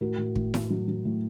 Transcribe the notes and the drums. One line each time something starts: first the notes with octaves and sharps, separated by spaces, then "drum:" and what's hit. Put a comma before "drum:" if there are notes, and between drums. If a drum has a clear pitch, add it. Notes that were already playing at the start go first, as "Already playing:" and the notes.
A2 F#4 A#4
A2
A2, drum: kick
A2, drum: snare E4
F#3
F#3
A2